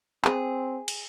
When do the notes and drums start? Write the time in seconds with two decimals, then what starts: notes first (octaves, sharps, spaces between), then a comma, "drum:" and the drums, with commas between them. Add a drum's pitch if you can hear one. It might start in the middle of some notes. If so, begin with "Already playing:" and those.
0.25 C4 G#4, drum: clap
0.88 drum: cymbal